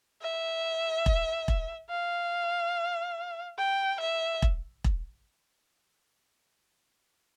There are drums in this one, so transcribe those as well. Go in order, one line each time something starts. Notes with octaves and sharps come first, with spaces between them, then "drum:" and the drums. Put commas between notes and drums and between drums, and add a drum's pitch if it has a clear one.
E5
drum: kick E1
drum: kick E1
F5
G5
E5
drum: kick E1
drum: kick E1